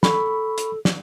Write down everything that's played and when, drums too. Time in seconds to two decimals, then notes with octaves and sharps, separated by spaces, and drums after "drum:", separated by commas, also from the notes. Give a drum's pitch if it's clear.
0.03 A4 B5 C#6, drum: snare
0.58 drum: hi-hat
0.85 drum: snare